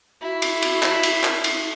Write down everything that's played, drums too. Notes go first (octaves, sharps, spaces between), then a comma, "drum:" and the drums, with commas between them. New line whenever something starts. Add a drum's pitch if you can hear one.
E4 F#4
drum: cymbal
drum: cymbal
drum: clap
drum: cymbal
drum: clap
drum: cymbal